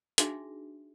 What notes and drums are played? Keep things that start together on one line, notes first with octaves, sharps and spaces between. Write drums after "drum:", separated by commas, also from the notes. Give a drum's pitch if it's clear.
D4 D#4 F#4 G#4 E5, drum: hi-hat